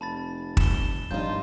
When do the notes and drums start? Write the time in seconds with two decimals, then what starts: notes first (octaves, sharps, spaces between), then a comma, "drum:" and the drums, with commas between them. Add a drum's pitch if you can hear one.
0.01 F1 A5 B5 A6
0.57 E7 G7, drum: kick
1.11 G#1 G2 F3 D#4 F4 G6